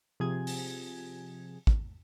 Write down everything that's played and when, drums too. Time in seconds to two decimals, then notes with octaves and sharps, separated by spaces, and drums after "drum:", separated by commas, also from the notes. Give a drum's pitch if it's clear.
0.20 C3 F3 G#4 G#6
0.47 drum: open hi-hat
1.67 drum: kick